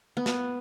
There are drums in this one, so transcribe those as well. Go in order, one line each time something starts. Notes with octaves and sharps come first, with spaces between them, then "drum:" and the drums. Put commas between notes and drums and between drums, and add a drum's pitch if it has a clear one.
B3
drum: snare